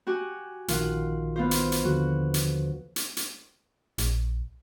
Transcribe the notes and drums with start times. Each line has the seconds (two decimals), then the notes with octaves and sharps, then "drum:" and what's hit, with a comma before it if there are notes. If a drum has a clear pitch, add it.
0.07 F#4 G4 G#5
0.68 A#1 D#3 F4 F#5, drum: hi-hat
1.36 B3 F4 C5
1.51 drum: hi-hat
1.72 drum: hi-hat
1.84 D#2 D3 F3 F#4
2.34 drum: hi-hat
2.96 drum: hi-hat
3.17 drum: hi-hat
3.98 A#1, drum: hi-hat